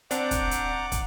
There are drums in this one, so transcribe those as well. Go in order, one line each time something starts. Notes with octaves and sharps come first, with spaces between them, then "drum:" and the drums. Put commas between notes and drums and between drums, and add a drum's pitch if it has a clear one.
C4 D4 D5 F#5 A#5 D6 G6, drum: hi-hat
drum: kick, hi-hat
drum: hi-hat
drum: kick, hi-hat